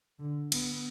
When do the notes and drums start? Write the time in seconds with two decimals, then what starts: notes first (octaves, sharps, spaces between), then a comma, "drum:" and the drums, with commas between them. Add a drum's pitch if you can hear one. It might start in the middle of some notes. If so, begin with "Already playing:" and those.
0.19 D3
0.52 B3, drum: cymbal